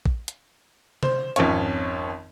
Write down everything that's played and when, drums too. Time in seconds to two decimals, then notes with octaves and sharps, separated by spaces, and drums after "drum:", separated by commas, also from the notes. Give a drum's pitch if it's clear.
0.06 drum: kick
0.28 drum: hi-hat
1.03 C5, drum: tom C3
1.36 G#1 F2 C#4 C#5, drum: hi-hat